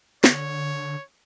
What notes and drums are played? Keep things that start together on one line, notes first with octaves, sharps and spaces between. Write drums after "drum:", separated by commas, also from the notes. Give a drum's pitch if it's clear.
D3 C#5, drum: snare